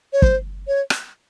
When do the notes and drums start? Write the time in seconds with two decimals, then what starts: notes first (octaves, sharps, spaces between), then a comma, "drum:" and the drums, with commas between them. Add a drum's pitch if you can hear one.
0.13 C#5
0.22 C5, drum: kick
0.68 C#5
0.90 drum: rim click